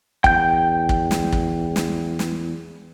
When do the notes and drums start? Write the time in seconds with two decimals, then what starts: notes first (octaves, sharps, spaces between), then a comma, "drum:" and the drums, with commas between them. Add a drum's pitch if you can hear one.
0.24 E2 G5 G6, drum: kick
0.89 drum: kick
1.11 drum: snare
1.32 drum: kick
1.76 drum: snare
2.19 drum: snare